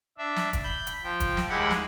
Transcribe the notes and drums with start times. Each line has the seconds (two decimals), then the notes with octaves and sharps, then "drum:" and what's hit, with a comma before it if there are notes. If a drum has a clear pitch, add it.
0.18 D4 E5
0.36 drum: snare
0.53 drum: kick, hi-hat
0.63 B5 G6
0.87 drum: hi-hat
1.04 F3 G5
1.20 drum: kick, hi-hat
1.37 drum: snare
1.49 D#2 G#3 E4 G4 F#5 B5
1.71 drum: snare